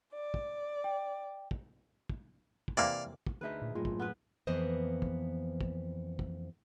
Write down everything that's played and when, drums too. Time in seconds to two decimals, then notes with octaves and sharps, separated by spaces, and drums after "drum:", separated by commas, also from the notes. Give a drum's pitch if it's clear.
0.14 D5
0.34 drum: kick
0.84 G5
1.51 drum: kick
2.09 drum: kick
2.68 drum: kick
2.77 C3 E3 A#3 D5 F5
3.27 drum: kick
3.41 D2 D#4 G#4 B4 E5
3.62 A#2
3.75 F#2 A2 G#3 F4
3.85 drum: kick
4.00 B3 C#4 B4
4.47 F2 E3 A#3 B3 C5 D#5
5.02 drum: kick
5.61 drum: kick
6.19 drum: kick